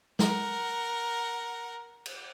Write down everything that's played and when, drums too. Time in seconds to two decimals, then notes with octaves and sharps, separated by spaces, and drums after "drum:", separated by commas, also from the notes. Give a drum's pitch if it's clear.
0.19 A#4 F#5, drum: snare
2.06 drum: cymbal